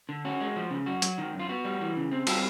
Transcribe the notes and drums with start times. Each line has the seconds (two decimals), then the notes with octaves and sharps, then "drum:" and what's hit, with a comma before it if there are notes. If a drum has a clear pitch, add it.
0.09 D3
0.25 C#4 F#4
0.41 G#3
0.56 F3
0.71 C#3
0.86 F#2 F#4
1.02 F#3, drum: hi-hat
1.18 D#3
1.33 F#2
1.39 F4
1.49 B3 F#4
1.65 G3
1.81 E3
1.97 C#3
2.11 C4
2.27 G3 G4 A4, drum: cymbal